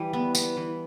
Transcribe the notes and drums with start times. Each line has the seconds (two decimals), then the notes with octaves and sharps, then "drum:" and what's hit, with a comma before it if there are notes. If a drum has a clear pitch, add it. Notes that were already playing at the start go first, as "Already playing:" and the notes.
Already playing: E3 G3
0.13 B3
0.35 B3, drum: tambourine
0.57 E3